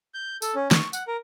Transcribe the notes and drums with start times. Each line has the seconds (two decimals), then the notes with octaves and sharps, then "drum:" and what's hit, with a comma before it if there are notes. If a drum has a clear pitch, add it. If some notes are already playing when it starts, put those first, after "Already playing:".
0.14 G6
0.42 A4, drum: tambourine
0.55 C#4
0.71 C#6, drum: snare
0.93 F#5, drum: tambourine
1.07 A#4